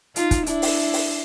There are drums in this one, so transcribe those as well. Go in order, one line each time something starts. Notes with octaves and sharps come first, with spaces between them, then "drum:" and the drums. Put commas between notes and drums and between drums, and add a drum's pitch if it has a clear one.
D#4 F4, drum: hi-hat
drum: kick, hi-hat
D4 E4, drum: hi-hat
drum: open hi-hat
drum: open hi-hat